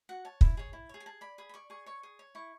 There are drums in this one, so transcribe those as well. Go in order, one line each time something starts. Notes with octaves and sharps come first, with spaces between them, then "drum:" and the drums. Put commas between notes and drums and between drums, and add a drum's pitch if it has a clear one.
F#4 F#5
C#5 A5
E4, drum: kick
G#4 C#5
E4
G#4 C#5
G#5
G#4 A5
D5 B5
G#4 B5
B5
D5 C#6
G#4 C#6
C#5 C#6
G#4
C#5
E4 C#6